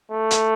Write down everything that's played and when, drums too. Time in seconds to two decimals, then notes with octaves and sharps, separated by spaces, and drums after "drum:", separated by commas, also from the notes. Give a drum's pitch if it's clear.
0.11 A3
0.31 drum: hi-hat